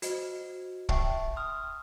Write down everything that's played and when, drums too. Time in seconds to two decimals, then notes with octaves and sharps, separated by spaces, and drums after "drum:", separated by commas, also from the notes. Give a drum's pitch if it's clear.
0.02 F#4 C5 D#5, drum: hi-hat
0.89 E5 G5 A5 C#6, drum: kick
1.36 C6 D#6 F6